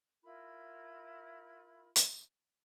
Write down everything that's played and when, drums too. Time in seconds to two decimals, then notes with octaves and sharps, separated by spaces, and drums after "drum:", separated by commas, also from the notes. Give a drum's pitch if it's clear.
0.23 E4 F4 A#4 B5
1.96 drum: hi-hat